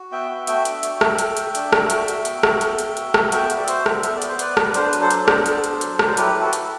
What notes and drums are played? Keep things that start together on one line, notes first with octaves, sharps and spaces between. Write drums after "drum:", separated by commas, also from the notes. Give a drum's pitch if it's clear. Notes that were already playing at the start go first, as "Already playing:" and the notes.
Already playing: F#4
B3 E5 G5
F#4
A3 E5 G5, drum: hi-hat
D4, drum: hi-hat
F#4, drum: hi-hat
A3, drum: rim click
A3, drum: hi-hat
A3, drum: hi-hat
D4, drum: hi-hat
A3, drum: rim click
F#4, drum: hi-hat
F#4, drum: hi-hat
B3, drum: hi-hat
F#4, drum: rim click
B3, drum: hi-hat
B3, drum: hi-hat
F#4, drum: hi-hat
F#4, drum: rim click
B3 E5 G5, drum: hi-hat
F#4, drum: hi-hat
D5
F#4 C5 E5, drum: hi-hat
B3, drum: rim click
B3 E5, drum: hi-hat
D5
B3, drum: hi-hat
C5
B3 B4 D5, drum: hi-hat
B3, drum: rim click
D4 C5, drum: hi-hat
B4
F#3, drum: hi-hat
A4 C5
D4, drum: hi-hat
B3, drum: rim click
D4, drum: hi-hat
D4, drum: hi-hat
F#3, drum: hi-hat
F#3, drum: rim click
C5
E4 G4 B4, drum: hi-hat
E4
F#4 A4
A3, drum: hi-hat